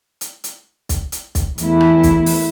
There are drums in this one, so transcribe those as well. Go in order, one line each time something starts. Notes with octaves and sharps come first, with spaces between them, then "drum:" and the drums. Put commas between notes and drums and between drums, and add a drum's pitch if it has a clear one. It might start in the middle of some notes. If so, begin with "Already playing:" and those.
drum: hi-hat
drum: hi-hat
drum: kick, hi-hat
drum: hi-hat
drum: kick, hi-hat
E2 A3 E4, drum: hi-hat
drum: rim click
drum: kick, hi-hat
drum: open hi-hat